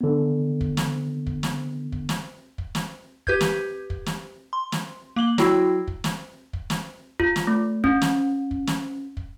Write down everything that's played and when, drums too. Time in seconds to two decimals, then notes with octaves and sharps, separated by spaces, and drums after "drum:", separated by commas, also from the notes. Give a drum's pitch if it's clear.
0.01 D3 B3
0.61 drum: kick
0.77 drum: snare
1.27 drum: kick
1.43 drum: snare
1.92 drum: kick
2.09 drum: snare
2.58 drum: kick
2.75 drum: snare
3.27 G4 B4 G6 G#6, drum: kick
3.41 drum: snare
3.90 drum: kick
4.06 drum: snare
4.53 C6
4.72 drum: snare
5.16 A#3 D6 F#7 G7
5.38 F#3 E4 F#4 G5 E6, drum: snare
5.87 drum: kick
6.04 drum: snare
6.53 drum: kick
6.70 drum: snare
7.20 F4, drum: kick
7.36 drum: snare
7.47 A3
7.84 C#4, drum: kick
8.02 drum: snare
8.51 drum: kick
8.67 drum: snare
9.17 drum: kick